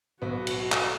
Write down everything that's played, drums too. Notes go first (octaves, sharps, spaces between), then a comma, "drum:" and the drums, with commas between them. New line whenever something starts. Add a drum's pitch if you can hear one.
B1 B3 F#4
drum: cymbal
drum: clap